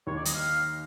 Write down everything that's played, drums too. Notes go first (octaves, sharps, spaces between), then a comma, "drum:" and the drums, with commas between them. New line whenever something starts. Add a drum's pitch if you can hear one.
D#2 D#3 C#5
D5
D#5, drum: hi-hat
F5